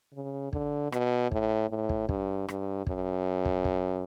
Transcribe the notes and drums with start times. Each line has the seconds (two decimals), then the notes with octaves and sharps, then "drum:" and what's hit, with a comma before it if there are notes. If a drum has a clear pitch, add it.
0.14 C#3
0.53 D3, drum: kick
0.92 B2, drum: rim click
1.32 A2, drum: kick
1.69 A2
1.89 drum: kick
2.09 G2, drum: kick
2.48 G2, drum: rim click
2.87 F#2, drum: kick
3.45 drum: kick
3.65 drum: kick